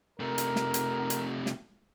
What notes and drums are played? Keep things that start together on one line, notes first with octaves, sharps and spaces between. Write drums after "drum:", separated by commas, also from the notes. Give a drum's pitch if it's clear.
C3 A3 A#4
drum: hi-hat
drum: snare
drum: hi-hat
drum: hi-hat
drum: snare